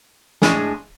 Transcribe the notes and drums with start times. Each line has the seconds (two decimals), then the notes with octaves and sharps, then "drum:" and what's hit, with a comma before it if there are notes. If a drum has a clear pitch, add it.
0.42 A2 G#3 D4 G#4, drum: snare